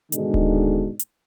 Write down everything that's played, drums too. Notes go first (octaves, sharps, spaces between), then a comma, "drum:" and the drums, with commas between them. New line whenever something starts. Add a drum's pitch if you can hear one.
G#2 B2 D3 D#3 G#3 D4, drum: hi-hat
drum: kick D1
drum: hi-hat